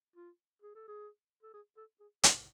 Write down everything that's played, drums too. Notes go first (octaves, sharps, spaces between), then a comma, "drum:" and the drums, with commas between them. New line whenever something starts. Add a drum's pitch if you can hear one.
F4
G#4
A4
G#4
A4
G#4
A4
G#4
G#4, drum: hi-hat